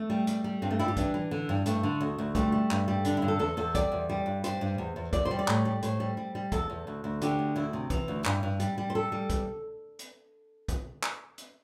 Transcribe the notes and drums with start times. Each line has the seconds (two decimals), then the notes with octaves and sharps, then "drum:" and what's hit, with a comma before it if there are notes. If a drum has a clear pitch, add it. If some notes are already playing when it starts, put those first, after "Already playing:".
Already playing: A3
0.10 G3
0.27 G3, drum: hi-hat
0.44 G3
0.62 G2 C4
0.71 A3
0.79 G3 E4
0.88 G4
0.97 E3 D4, drum: kick, hi-hat
1.14 E3
1.31 D3
1.49 G2
1.66 G2 A3, drum: hi-hat
1.83 D3
2.01 D2
2.18 D2
2.35 G3 A3, drum: kick, hi-hat
2.52 G3
2.71 G2, drum: clap
2.88 G3
3.05 D3 D4, drum: hi-hat
3.17 E4
3.22 G2
3.28 A4
3.39 E2 A4
3.57 E2 A4
3.75 G3 D5, drum: kick, hi-hat
3.92 E2
4.09 G3
4.26 G2
4.44 G3 C5, drum: hi-hat
4.61 G2
4.78 E2
4.96 E2
5.13 E2 D5, drum: kick, hi-hat
5.25 C5
5.31 G3
5.39 D5
5.48 A2, drum: clap
5.65 G3
5.83 A2 C5, drum: hi-hat
6.00 G3
6.17 G3
6.35 G3
6.52 E2 A4, drum: kick, hi-hat
6.70 E2
6.87 D2
7.04 D2
7.22 D3 G4, drum: hi-hat
7.39 D2
7.56 D2 E4
7.73 C3
7.90 E3, drum: kick, hi-hat
8.08 D2
8.25 G2, drum: clap
8.43 G2
8.60 G3, drum: hi-hat
8.78 G3
8.90 C5
8.95 G3 A4
9.12 G3
9.30 drum: kick, hi-hat
9.99 drum: hi-hat
10.68 drum: kick, hi-hat
11.03 drum: clap
11.38 drum: hi-hat